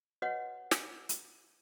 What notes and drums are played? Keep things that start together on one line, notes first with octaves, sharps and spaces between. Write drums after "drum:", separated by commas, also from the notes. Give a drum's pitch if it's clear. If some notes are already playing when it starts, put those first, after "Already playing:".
F#4 B4 C#5 D#5 F#5
drum: snare
drum: hi-hat